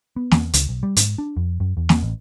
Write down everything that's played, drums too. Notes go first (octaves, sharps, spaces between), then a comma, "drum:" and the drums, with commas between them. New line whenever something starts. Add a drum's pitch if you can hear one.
B3
E2, drum: snare
C#2, drum: hi-hat
B1
G3
G#2, drum: hi-hat
D4
F2
F#2
E2
drum: snare
A1